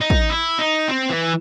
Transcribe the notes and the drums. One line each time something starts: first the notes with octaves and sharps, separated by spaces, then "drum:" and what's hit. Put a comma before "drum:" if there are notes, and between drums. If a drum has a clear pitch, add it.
D#4
drum: kick
E4
D#4
C4
E3